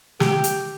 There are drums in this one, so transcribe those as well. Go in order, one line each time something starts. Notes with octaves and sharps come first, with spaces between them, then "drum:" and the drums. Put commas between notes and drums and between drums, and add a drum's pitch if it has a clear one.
G4, drum: snare
drum: hi-hat